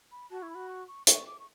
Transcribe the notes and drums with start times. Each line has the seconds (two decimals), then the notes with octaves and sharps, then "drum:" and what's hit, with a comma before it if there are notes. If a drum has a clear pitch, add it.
0.12 B5
0.31 F#4 A5
0.41 E4 C#6
0.49 B5
0.55 F#4
0.69 C#6
0.88 C#6
1.07 C#6, drum: hi-hat
1.27 D6
1.39 C#6